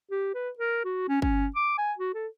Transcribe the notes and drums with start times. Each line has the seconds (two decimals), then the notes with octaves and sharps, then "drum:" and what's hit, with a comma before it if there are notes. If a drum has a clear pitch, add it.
0.11 G4
0.34 B4
0.59 A#4
0.85 F#4
1.09 C#4
1.22 C#4, drum: kick G1
1.56 D6
1.78 G#5
1.98 F#4
2.14 A4